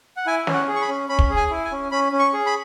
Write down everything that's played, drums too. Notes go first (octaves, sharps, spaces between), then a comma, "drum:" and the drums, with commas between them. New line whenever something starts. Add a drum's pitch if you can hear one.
F#5
E4 G#5
C#4, drum: snare
F#5
G#4
C#6
B5
C#4
C#4 B5
drum: kick
G#4
G#5
E4
G#5
C#4
C#4 B5
C#4
C#6
G#4
B5